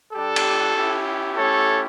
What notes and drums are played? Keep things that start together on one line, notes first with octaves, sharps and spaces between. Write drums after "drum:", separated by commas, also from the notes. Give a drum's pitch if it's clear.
G3 D4 G4 A4
drum: cymbal
C#4 E4 G4
A3 C#4 E4 G4 A4 C#5